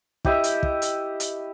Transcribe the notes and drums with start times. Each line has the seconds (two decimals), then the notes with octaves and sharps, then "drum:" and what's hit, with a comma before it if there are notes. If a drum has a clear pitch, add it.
0.25 E4 G4 D#5 E5, drum: kick
0.44 drum: hi-hat
0.63 drum: kick
0.82 drum: hi-hat
1.20 drum: hi-hat